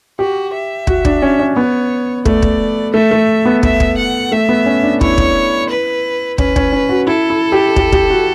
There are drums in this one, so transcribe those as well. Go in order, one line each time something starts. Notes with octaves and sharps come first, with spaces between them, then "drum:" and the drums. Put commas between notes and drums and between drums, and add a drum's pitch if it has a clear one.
F#4 G4
E5
F#4, drum: kick
D4, drum: kick
C#4
C#4
B3 C#5
A3 D5, drum: kick
drum: kick
A3 E5
A3
B3
B3 E5, drum: kick
drum: kick
F#5
A3 E5
B3
C#4
D4
E4 C#5, drum: kick
drum: kick
B4
C#4 B4, drum: kick
C#4, drum: kick
C#4
F#4
E4 A4
E4
G4
G4, drum: kick
G4, drum: kick
F#4